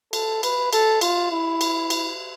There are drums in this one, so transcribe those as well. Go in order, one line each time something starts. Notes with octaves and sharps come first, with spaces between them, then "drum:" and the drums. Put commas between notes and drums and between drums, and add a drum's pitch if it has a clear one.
A4, drum: cymbal
B4, drum: cymbal
A4, drum: cymbal
F4, drum: cymbal
E4
drum: cymbal
drum: cymbal